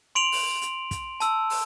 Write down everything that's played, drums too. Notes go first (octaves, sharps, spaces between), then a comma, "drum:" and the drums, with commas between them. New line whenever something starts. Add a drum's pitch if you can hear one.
C6 D7 F7 F#7
drum: open hi-hat
drum: hi-hat
drum: kick, hi-hat
A5 E6, drum: hi-hat
drum: open hi-hat